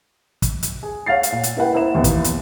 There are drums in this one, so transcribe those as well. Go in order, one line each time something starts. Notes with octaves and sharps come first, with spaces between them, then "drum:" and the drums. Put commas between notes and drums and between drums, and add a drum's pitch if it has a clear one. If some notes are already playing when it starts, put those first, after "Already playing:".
drum: kick, hi-hat
drum: hi-hat
G#4
C#5 F5 F#5 A6 C7
drum: hi-hat
A#2
drum: hi-hat
E4 A#4 B4 F#5 G5
A#3 E4 C5 A#5 E7
D#2 E3 B3
drum: kick, hi-hat
drum: hi-hat